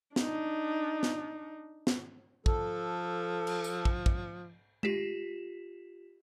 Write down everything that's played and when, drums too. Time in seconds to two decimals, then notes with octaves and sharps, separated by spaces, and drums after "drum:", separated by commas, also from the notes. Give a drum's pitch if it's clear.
0.16 D4 D#4, drum: snare
1.03 drum: snare
1.87 drum: snare
2.46 F3 A4, drum: kick
3.47 drum: cymbal
3.64 drum: tambourine
3.85 drum: kick
4.06 drum: kick
4.83 F4 G4 B6 E7, drum: tom G#3